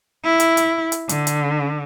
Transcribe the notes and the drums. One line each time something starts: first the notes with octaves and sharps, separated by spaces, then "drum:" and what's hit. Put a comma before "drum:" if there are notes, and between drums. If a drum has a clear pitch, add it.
E4
drum: hi-hat
drum: hi-hat
drum: hi-hat
D3, drum: hi-hat
drum: hi-hat